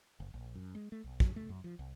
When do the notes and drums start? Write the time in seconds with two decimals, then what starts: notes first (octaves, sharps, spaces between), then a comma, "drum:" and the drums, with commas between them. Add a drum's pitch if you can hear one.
0.20 F#1
0.34 A#1
0.55 F#2
0.75 G#3
0.92 A3
1.04 B1
1.20 F#3, drum: kick
1.36 A3
1.49 F#2
1.64 F3
1.79 C2